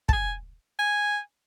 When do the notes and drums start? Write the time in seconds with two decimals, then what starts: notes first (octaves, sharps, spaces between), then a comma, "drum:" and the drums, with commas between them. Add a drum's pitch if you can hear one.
0.09 A5, drum: kick
0.13 G#5
0.79 G#5